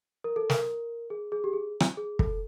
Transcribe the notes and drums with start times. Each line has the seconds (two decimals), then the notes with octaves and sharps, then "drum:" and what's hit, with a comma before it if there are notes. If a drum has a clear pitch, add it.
0.24 A#4
0.36 A4
0.50 A#4, drum: snare
1.10 G#4
1.32 G#4
1.44 G4
1.53 G#4
1.80 drum: rim click
1.97 G#4
2.19 A4, drum: kick